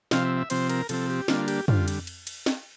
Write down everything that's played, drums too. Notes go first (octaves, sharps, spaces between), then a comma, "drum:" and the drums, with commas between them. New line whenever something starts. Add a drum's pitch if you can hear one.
C3 F3 C4 F5, drum: snare
E5
E5
C3 F3 C4 C5, drum: cymbal
A#4, drum: cymbal
C3 F3 C4 A4, drum: cymbal
G4
D3 G3 A#3 D4 F4, drum: snare
G4, drum: cymbal
D3 G3 F4, drum: tom
drum: cymbal
drum: cymbal
drum: cymbal
drum: snare